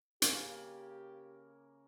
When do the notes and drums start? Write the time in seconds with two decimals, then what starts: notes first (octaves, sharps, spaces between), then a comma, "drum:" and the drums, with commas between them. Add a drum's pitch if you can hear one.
0.22 C#3 A#3 G4, drum: hi-hat